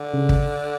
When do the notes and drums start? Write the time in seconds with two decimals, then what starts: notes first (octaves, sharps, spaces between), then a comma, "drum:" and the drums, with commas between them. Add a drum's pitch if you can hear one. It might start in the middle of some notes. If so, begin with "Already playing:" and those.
Already playing: D3
0.14 C#3
0.29 drum: kick